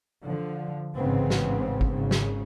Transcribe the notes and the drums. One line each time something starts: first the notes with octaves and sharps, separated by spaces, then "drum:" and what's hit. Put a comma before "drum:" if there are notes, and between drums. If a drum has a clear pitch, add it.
D3 F3
A1 G#2 C#3 B3 C4
drum: snare
drum: kick G#1
G#1 C#3
drum: snare